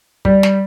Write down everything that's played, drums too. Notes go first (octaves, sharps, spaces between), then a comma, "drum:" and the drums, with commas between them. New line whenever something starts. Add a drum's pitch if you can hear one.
G3, drum: kick
drum: snare